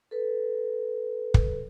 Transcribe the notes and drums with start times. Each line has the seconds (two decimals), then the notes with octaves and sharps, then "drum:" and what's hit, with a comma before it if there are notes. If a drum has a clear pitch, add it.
0.11 A4 B4
1.34 drum: kick